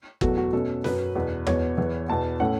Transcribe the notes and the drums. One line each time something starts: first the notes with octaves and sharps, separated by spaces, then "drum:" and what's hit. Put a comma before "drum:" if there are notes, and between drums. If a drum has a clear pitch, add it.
E2 B2 F#3 A3 F#4, drum: kick G1
F#4
B2 A3 C#4 A4
F#2 F#3 C#4 B4, drum: snare
E2 B2 B3
E2 B2 B3 C#5, drum: tom
E2 E3 B3
E2 B2 B3 A5
A2 A3 C#4 F#5